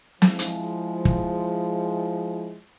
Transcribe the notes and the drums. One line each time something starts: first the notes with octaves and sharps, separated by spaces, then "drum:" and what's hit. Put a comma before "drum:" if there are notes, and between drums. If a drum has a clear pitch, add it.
F3 G#3 E4, drum: snare
drum: hi-hat
drum: kick